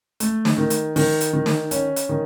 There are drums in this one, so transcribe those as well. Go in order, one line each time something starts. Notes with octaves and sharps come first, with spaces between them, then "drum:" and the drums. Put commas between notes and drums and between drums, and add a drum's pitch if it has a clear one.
A3, drum: hi-hat
drum: snare
D#3
drum: hi-hat
D#3, drum: open hi-hat
drum: hi-hat
D#3
drum: snare
C#4, drum: hi-hat
drum: hi-hat
D#3